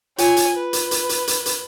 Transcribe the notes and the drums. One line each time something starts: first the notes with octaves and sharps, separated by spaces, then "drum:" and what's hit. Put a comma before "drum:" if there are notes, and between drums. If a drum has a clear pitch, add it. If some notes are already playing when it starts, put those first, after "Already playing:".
F4 C#5 G#5, drum: hi-hat
drum: hi-hat
B4
drum: hi-hat
drum: hi-hat
drum: hi-hat
drum: hi-hat
drum: hi-hat